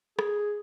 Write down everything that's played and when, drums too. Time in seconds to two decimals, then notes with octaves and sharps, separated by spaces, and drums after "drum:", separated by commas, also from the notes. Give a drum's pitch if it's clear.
0.19 G#4, drum: rim click